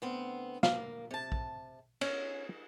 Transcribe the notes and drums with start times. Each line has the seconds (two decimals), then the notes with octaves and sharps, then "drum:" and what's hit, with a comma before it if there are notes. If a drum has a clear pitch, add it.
0.02 D2 B3 C4
0.63 A#3 F5, drum: snare
1.11 C3 A5
1.32 drum: kick
2.01 C#4, drum: cymbal